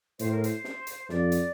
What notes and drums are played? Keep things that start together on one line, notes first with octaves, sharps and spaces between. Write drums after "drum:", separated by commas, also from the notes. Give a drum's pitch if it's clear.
A2 C5, drum: hi-hat
A#4
C5, drum: hi-hat
drum: snare
drum: hi-hat
F2 D5, drum: snare
drum: hi-hat